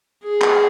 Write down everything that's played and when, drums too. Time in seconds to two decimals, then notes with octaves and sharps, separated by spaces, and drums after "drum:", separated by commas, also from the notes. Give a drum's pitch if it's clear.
0.24 G#4
0.42 drum: clap